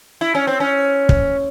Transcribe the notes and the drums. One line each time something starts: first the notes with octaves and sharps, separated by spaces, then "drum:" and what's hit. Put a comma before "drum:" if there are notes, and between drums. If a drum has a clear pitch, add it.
E4
C#4
C4
C#4
drum: kick